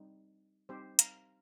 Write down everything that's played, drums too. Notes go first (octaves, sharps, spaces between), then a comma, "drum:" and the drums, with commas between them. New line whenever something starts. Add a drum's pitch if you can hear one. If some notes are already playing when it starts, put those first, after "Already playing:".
Already playing: G3 C4 D#4
G3 C4 D#4 G4 C5
F5 A#5, drum: hi-hat